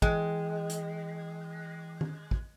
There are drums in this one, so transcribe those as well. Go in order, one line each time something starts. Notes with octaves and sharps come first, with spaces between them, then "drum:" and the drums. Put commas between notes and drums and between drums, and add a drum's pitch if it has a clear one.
E3 G#3 G5, drum: kick
drum: hi-hat
drum: tom D#3
drum: kick